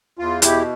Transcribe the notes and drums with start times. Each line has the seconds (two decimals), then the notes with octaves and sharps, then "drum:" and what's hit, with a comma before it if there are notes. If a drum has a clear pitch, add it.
0.19 E2 F4
0.42 B2 E4 G4, drum: hi-hat